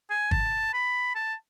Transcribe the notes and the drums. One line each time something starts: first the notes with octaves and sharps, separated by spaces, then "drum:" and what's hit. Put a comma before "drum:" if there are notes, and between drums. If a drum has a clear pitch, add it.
G#5
A5, drum: kick G1
B5
A5